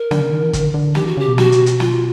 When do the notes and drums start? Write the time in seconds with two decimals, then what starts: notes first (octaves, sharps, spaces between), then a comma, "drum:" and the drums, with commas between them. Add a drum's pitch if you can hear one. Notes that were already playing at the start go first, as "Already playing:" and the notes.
Already playing: A#4
0.11 D3, drum: snare
0.20 C#3
0.31 D#3
0.42 E3
0.53 D3, drum: kick, hi-hat
0.74 D3
0.95 D#3 G4, drum: snare
1.06 E3 F#4
1.17 C#3 G4
1.28 B2
1.38 F#4, drum: snare
1.52 drum: hi-hat
1.66 drum: hi-hat
1.80 F4, drum: snare